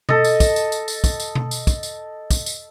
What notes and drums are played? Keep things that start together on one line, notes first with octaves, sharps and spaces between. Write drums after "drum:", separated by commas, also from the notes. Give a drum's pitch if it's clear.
A4 D#5, drum: tom B2
drum: tambourine
drum: kick, tambourine
drum: tambourine
drum: tambourine
drum: tambourine
drum: kick, tambourine
drum: tambourine
drum: tom B2
drum: tambourine
drum: kick, tambourine
drum: tambourine
drum: kick, tambourine
drum: tambourine